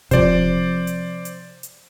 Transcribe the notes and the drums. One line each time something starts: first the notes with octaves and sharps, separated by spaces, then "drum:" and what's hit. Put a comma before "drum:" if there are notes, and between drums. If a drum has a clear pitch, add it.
C3 F3 C5 D5, drum: kick F1, hi-hat
drum: hi-hat
drum: hi-hat
drum: hi-hat